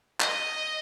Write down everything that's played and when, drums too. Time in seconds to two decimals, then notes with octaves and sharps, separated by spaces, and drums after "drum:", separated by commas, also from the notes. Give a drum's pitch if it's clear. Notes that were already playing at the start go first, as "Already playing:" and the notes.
0.20 D#5, drum: clap